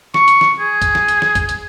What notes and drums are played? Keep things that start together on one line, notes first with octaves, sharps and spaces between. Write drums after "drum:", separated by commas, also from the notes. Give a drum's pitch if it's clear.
C#6, drum: snare
drum: hi-hat
drum: snare
G#4
drum: kick, hi-hat
drum: snare
drum: hi-hat
drum: snare
drum: kick, hi-hat
drum: hi-hat